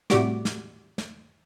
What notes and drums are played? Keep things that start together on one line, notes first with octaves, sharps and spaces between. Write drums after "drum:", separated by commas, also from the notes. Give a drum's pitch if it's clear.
A2 C3 G3 F#4 D6, drum: snare
drum: snare
drum: snare